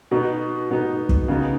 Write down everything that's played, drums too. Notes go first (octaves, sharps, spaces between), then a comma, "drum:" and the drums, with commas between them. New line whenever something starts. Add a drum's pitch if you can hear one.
B2 B3 D#4
B2 B3 D#4
drum: kick
C#3 B3 D#4